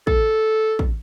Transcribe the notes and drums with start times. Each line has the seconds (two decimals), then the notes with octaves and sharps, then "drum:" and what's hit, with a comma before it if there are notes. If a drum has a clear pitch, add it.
0.07 A4, drum: kick
0.79 drum: kick